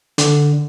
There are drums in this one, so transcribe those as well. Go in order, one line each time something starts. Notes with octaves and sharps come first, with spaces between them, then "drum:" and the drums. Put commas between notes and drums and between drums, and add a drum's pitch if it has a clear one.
D3, drum: hi-hat